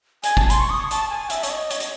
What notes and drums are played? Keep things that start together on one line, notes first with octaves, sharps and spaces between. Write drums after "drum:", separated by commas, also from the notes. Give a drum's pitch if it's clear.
G#5, drum: hi-hat
A5, drum: kick G1
C6, drum: hi-hat
C#6
D#6
C#6
A5, drum: hi-hat
G#5
E5, drum: hi-hat
C#5, drum: hi-hat
D#5
C#5, drum: hi-hat
D#5, drum: hi-hat